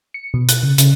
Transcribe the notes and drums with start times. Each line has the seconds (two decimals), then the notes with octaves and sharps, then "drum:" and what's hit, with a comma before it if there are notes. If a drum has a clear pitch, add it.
0.14 C#7
0.34 B2
0.49 F#6, drum: hi-hat
0.63 C#3
0.78 C#3, drum: hi-hat